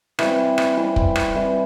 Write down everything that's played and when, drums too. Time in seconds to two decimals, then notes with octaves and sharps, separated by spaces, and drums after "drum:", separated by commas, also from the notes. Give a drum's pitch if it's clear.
0.19 E3 G3 C4, drum: rim click
0.58 drum: rim click
0.77 E3 G3 C4
0.96 drum: kick
1.16 drum: rim click
1.35 E3 G3 C4